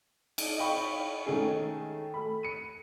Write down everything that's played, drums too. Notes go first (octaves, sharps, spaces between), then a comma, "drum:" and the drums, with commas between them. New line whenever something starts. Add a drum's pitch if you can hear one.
drum: cymbal
D#5 F5 G5 B5 C#6
D#3 G#3 A3 C#4 G#4
A3 B5
C#7 D#7